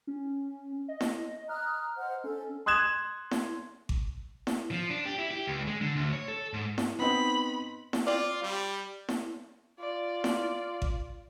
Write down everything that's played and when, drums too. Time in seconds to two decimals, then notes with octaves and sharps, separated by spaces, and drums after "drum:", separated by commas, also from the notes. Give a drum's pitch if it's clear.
0.07 C#4
0.88 D#5
1.01 drum: snare E4
1.49 A#5 D#6 F6 F#6
1.97 C5 D#5 F#5
2.24 C#4 A4
2.66 C6 D#6 F#6 G#6 E7
3.31 drum: snare E4
3.89 drum: kick G#1
4.47 drum: snare E4
4.71 F3
4.90 D4
5.06 G4
5.18 E4
5.31 G4
5.47 C#2
5.67 G#3
5.81 D3
5.96 D2
6.13 C#5
6.28 A4
6.53 G#2
6.78 drum: snare E4
6.99 B3 C4 D#4 B5
7.93 drum: snare E4
8.07 C4 F4 D5
8.43 G3
9.09 drum: snare E4
9.80 F4 D5
10.24 drum: snare E4
10.82 drum: kick G#1